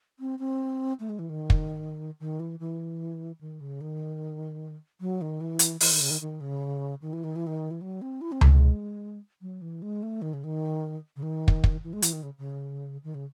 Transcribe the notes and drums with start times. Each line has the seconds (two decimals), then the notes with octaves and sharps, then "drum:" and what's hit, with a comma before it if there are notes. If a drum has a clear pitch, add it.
0.19 C4
0.39 C4
1.00 A3
1.09 G#3
1.19 E3
1.29 D#3
1.50 drum: kick
2.20 D#3
2.40 E3
2.60 E3
3.41 D#3
3.60 C#3
3.81 D#3
5.00 F#3
5.21 D#3
5.41 E3
5.59 drum: hi-hat
5.80 E3, drum: open hi-hat
5.92 D#3
6.01 C#3
6.10 D#3
6.21 D#3
6.41 C#3
7.02 D#3
7.13 E3
7.24 D#3
7.36 E3
7.47 D#3
7.71 E3
7.81 F#3
8.02 C4
8.21 E4
8.32 C4
8.41 G#3, drum: tom C#2
8.52 G#3
9.42 F#3
9.62 E3
9.82 G#3
10.03 A3
10.22 D#3
10.33 C#3
10.44 D#3
11.16 C#3
11.23 D#3
11.48 drum: kick
11.64 drum: kick
11.83 E3
11.93 G#3
12.02 E3, drum: hi-hat
12.13 D#3
12.23 C#3
12.38 C#3
13.04 D#3
13.14 C#3